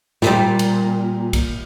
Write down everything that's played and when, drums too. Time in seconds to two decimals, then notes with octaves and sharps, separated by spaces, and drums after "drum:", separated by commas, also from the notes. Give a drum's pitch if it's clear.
0.22 A#2 G3, drum: snare
0.59 drum: cymbal
1.33 drum: kick B1, cymbal